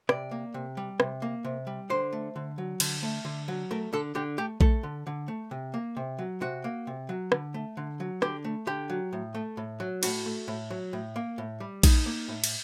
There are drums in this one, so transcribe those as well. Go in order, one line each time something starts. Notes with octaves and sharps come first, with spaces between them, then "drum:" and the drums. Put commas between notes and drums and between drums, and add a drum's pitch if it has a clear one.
C3 D5, drum: rim click
A#3
C3
G3
C3, drum: rim click
A#3
C3
G3
D3 C5
A3
D3
F#3
D3, drum: cymbal
A3
D3
F#3
A3 A#4
D3 A4
D3 G4
A3 G4
A3 A4, drum: kick A#1
D3
D3
A3
C3
A#3
C3
F#3
C3 F#4
A#3
C3
F#3
D3, drum: rim click
A3
D3
F#3
D3 G4, drum: rim click
A3
D3 G4
F#3
A2
A3
A2
F#3
A2 F#4, drum: cymbal
A3
A2
F#3
A2
A#3
A2
G3
A2 D#4, drum: kick A#1, cymbal
A#3
A2
drum: cymbal